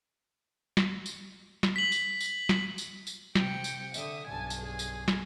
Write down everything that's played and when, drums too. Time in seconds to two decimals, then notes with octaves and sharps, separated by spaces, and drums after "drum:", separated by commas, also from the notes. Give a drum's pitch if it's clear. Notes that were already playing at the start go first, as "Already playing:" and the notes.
0.77 drum: snare
1.06 drum: tambourine
1.63 drum: snare
1.76 B6 F#7
1.92 drum: tambourine
2.21 drum: tambourine
2.49 drum: snare
2.78 drum: tambourine
3.07 drum: tambourine
3.35 C3 G5 C#7, drum: snare
3.64 drum: tambourine
3.94 D3 E5 D#6, drum: tambourine
4.26 B1 G2 G#5 A5
4.50 drum: tambourine
4.61 G#4 G#5
4.79 drum: tambourine
5.08 drum: snare